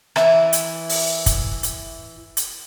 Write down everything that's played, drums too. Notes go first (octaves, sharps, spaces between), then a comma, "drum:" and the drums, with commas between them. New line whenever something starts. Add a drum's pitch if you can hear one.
E3 E4, drum: rim click
drum: hi-hat
drum: open hi-hat
drum: kick, hi-hat
drum: hi-hat
drum: hi-hat